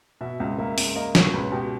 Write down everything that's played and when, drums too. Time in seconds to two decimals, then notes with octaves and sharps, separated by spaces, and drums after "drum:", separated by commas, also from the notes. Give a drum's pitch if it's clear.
0.21 B2 E5
0.40 C#2
0.58 A#3 E5
0.78 C#2, drum: open hi-hat
0.96 A#3 D#5
1.15 B2 C#5, drum: snare
1.33 C#2 B4
1.52 B2 G4